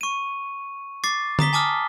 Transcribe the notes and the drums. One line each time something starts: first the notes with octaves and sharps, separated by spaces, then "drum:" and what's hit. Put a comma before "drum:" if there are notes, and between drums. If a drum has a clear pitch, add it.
C#6 D#7
D6 A6 C7
A#5 D#6 B6 G7, drum: tom D3
G#5 A5 D6 D#6 F6